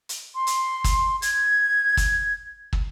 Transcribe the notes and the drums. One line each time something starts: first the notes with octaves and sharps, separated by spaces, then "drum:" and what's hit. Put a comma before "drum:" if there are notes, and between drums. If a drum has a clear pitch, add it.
drum: hi-hat
C6
drum: hi-hat
drum: kick, hi-hat
G#6, drum: hi-hat
drum: kick, hi-hat
drum: kick